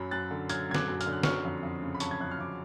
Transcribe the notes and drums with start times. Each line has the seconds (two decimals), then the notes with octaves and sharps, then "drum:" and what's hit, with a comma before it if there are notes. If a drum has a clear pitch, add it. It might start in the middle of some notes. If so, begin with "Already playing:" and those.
Already playing: F#2 F#3 B5
0.11 F#2 F#6 A6
0.31 D3
0.49 F#3 F6 G#6, drum: hi-hat
0.69 F#2 G#6
0.75 D6 F#6, drum: snare
0.88 F#2
1.01 F6, drum: hi-hat
1.06 D3
1.13 F#6
1.23 F#3 C#6 F6, drum: snare
1.45 F2
1.63 F2
1.82 C#3
1.94 B5
2.00 F#3 A5 C#6, drum: hi-hat
2.11 G#6
2.20 F2 F#6
2.31 F6
2.38 F2 D6